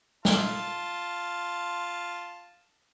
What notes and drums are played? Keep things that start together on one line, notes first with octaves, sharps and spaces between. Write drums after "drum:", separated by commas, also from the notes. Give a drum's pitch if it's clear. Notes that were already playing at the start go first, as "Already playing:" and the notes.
F4 A5, drum: snare